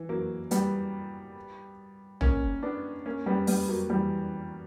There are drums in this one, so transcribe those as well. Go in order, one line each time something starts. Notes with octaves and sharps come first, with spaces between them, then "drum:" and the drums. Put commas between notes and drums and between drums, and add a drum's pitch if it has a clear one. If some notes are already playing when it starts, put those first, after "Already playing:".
Already playing: E3
F#3 A#3
G3 B3, drum: hi-hat
A#3 C#4, drum: tom A1
B3 D4
A#3 C#4
G3 B3
G3 B3, drum: open hi-hat
F#3 A#3
E3 G3